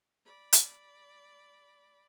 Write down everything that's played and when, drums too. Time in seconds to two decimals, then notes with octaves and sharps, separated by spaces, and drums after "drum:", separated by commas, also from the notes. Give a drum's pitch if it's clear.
0.25 D5 B5
0.53 drum: hi-hat